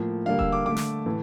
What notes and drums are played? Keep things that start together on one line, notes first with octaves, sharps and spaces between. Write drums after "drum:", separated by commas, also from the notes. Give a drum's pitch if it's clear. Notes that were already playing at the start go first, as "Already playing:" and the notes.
Already playing: A2 F3 A#3
D3 G3 A#3 F5
E6, drum: kick E1
D6
D3 A3 D6
drum: snare
A2 E3 A3